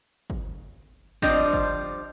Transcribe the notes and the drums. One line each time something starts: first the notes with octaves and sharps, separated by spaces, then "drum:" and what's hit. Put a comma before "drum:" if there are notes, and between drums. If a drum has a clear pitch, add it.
drum: kick
F3 G3 C4 D4 D#5, drum: kick
drum: kick